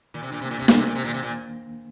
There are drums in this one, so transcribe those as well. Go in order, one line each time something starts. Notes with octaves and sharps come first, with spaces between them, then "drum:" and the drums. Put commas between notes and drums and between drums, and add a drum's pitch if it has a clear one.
A#2 D#3
C3
A#2 D4
C3 A#3
A#2
D#2 C3
A#2, drum: snare
C3 A#3
A#2
C3 A#3
A#2 D#3
C3
A#2